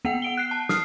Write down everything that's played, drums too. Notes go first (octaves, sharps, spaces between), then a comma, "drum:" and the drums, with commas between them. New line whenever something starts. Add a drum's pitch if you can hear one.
B3 F#5 G5
F#5 D7 G7
F#6 C7
A5
D#6 F6 C7, drum: snare